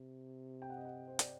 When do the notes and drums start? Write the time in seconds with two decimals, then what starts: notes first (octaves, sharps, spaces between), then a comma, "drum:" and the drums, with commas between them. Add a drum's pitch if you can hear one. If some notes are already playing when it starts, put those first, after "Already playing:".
Already playing: C3
0.62 G5
0.70 F#5
0.77 D#5
0.85 F#5
1.08 C5
1.19 D5, drum: hi-hat